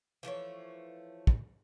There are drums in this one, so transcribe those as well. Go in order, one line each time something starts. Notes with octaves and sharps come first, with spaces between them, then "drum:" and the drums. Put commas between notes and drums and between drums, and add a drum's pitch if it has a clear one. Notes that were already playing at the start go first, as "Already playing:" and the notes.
E3 F3 A3 C#5
drum: kick